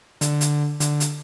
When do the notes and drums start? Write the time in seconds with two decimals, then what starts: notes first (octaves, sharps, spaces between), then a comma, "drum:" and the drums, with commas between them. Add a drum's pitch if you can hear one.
0.21 D3, drum: hi-hat
0.41 drum: hi-hat
0.80 D3, drum: hi-hat
1.00 drum: hi-hat